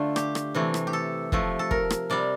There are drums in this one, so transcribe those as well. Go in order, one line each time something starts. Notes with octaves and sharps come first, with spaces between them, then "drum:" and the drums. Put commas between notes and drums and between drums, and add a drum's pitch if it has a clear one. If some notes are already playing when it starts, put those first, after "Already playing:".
Already playing: D3 A3 F4
G4, drum: rim click
drum: rim click
C3 E3 A3
drum: rim click
G4
A4
C3 F3 A3, drum: kick
A4
A#4, drum: kick
drum: rim click
C3 G3 D5